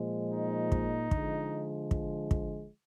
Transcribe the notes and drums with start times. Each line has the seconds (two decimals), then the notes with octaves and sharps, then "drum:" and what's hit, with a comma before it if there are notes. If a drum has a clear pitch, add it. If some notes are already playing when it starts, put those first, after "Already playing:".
Already playing: A#2 F3 G#3
0.32 D#4
0.72 drum: kick
1.11 D3 F3 G#3, drum: kick
1.91 drum: kick
2.31 drum: kick